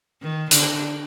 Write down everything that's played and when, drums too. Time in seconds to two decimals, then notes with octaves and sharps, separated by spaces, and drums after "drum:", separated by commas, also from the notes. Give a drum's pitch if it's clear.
0.22 D#3
0.51 D3, drum: hi-hat